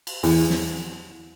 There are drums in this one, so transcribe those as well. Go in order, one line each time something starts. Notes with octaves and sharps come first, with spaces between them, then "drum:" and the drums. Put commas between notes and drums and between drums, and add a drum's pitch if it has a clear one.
drum: cymbal
E2, drum: open hi-hat
drum: snare